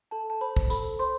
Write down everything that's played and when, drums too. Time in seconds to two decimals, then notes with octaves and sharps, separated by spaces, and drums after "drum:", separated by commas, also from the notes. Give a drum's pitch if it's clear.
0.11 A4 A5
0.30 A5
0.41 C5 B5
0.56 drum: kick
0.70 A4 B5, drum: tambourine
0.99 C5 C6